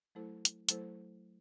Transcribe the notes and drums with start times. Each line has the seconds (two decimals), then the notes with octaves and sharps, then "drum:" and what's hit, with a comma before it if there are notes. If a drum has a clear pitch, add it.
0.15 F#3 A3 E4 A4 C5
0.45 drum: hi-hat
0.69 F#3 A3 E4 A4 C5, drum: hi-hat